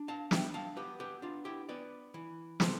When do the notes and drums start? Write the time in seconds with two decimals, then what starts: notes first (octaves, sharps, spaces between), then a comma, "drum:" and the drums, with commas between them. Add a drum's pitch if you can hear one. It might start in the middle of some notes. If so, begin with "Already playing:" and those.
Already playing: D4
0.08 F5 A5
0.31 D4 E5 G5, drum: snare
0.54 F5 A5
0.77 B3 G4 B4
1.00 G4 B4
1.22 D4 F4
1.45 E4 G4
1.69 B3 B4 D5
2.14 E3
2.60 C3 A4 C5, drum: snare